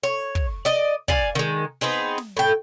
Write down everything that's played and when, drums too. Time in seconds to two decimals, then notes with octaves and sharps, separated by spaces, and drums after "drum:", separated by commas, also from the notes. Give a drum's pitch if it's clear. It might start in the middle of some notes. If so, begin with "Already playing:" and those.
0.03 C#5
0.35 drum: kick
0.65 D5 D#5
1.08 D5 F5 G#5, drum: kick
1.35 D#3 G#3
1.81 B3 C4 D#4 G#4
2.18 drum: snare
2.37 A2 G5